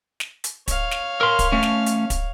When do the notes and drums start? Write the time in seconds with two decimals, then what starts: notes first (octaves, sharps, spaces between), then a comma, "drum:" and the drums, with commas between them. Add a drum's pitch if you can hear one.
0.20 drum: snare
0.44 drum: hi-hat
0.68 C#5 F5, drum: kick, hi-hat
0.91 drum: snare
1.21 A#4 C6
1.39 drum: kick, hi-hat
1.52 A3 C#4
1.63 drum: snare
1.86 drum: hi-hat
2.10 drum: kick, hi-hat